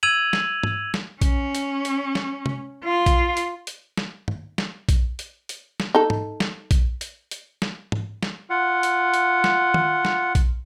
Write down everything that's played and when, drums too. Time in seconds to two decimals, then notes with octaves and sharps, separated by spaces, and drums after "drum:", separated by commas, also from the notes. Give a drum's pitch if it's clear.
0.03 E6 G#6 D#7 F7 F#7
0.33 drum: snare
0.63 drum: tom G#2
0.94 drum: snare
1.22 C#4, drum: kick A#1, hi-hat
1.55 drum: hi-hat
1.85 drum: hi-hat
2.15 drum: snare
2.46 drum: tom
2.85 F4
3.06 drum: kick A#1, hi-hat
3.37 drum: hi-hat
3.67 drum: hi-hat
3.97 drum: snare
4.28 drum: tom
4.58 drum: snare
4.89 drum: kick A#1, hi-hat
5.19 drum: hi-hat
5.49 drum: hi-hat
5.80 drum: snare
5.95 D#4 A4
6.10 drum: tom G#2
6.40 drum: snare
6.71 drum: kick A#1, hi-hat
7.01 drum: hi-hat
7.31 drum: hi-hat
7.62 drum: snare
7.92 drum: tom G#2
8.23 drum: snare
8.50 F4 F#5
8.83 drum: hi-hat
9.14 drum: hi-hat
9.44 drum: snare
9.74 drum: tom
10.05 drum: snare
10.35 drum: kick A#1, hi-hat